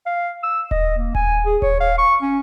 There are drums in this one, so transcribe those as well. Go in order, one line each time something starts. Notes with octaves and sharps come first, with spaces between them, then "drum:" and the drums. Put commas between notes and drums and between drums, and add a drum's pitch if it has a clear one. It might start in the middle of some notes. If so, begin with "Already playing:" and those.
F5
E6
D#5, drum: kick D#1
A#3
G#5, drum: kick D#1
G#4
C#5, drum: kick D#1
F5
C#6
C#4